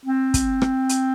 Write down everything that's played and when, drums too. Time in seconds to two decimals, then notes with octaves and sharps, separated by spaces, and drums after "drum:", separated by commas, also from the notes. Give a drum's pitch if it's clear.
0.05 C4
0.34 drum: kick, hi-hat
0.62 drum: rim click
0.89 drum: hi-hat